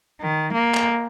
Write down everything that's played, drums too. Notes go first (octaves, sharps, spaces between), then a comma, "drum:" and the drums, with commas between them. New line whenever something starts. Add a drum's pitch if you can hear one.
D#3
A#3
drum: clap